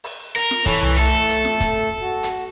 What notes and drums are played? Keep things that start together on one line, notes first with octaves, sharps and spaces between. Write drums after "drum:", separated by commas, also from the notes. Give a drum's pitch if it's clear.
drum: open hi-hat
A#4, drum: hi-hat
drum: snare F4
E3 A4 C#5, drum: kick, hi-hat
drum: tom C2
A3 A4, drum: open hi-hat
drum: hi-hat
drum: snare F4
drum: kick, hi-hat
F#4
drum: hi-hat